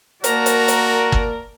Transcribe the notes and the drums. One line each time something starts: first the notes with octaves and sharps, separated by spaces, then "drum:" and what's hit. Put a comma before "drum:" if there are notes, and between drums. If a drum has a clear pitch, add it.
A#3 F#4 A#4 D5 A5 A#5, drum: hi-hat
drum: hi-hat
drum: hi-hat
drum: kick